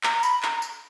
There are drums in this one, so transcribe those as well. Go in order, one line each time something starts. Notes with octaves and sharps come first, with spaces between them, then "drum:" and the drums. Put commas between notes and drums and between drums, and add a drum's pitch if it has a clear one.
A#5, drum: clap
A#5
B5, drum: tambourine
A#5, drum: clap
drum: tambourine